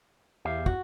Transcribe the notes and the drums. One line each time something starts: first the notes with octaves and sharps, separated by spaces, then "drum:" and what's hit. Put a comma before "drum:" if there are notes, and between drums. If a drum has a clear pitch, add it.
E2 G4 E5 F5
F#4, drum: kick